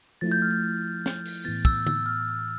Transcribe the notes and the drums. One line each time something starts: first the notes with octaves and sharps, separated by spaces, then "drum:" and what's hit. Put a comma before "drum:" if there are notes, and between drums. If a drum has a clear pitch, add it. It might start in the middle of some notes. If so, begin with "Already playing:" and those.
F3 A3 E4 A6
G6
F6
G6
drum: snare
drum: open hi-hat
A2 E3 B3 A6
E6, drum: kick
E6, drum: tom
F6